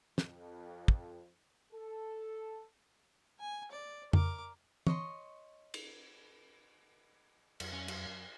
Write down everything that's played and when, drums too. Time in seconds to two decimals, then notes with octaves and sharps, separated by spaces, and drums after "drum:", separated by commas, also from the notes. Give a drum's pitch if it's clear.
0.18 F2, drum: snare
0.88 drum: kick
1.73 A4
3.40 G#5
3.71 D5
4.13 A#4 D6, drum: tom F2
4.87 C#5 D#5 C6 C#6, drum: tom
5.74 drum: cymbal
7.60 F2 F#3, drum: cymbal
7.73 C#4
7.88 F#2, drum: cymbal